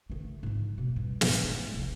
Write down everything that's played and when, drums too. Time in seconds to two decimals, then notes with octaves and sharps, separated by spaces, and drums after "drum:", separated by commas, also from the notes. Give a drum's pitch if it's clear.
0.10 D3 A3
0.43 G#2 F3
0.78 B2 A#3
0.96 G2
1.21 drum: snare
1.44 A3
1.71 D1 C2